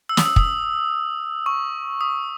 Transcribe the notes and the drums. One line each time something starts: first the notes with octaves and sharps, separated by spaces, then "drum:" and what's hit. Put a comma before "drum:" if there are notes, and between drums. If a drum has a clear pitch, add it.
E6
D#6, drum: snare
E6
D#6, drum: kick
C#6
D#6